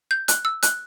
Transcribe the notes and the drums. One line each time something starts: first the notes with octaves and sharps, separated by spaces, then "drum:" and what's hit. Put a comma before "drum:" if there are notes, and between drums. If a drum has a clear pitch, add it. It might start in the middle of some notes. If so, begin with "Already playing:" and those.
G6
F#6, drum: hi-hat
E6
F#6, drum: hi-hat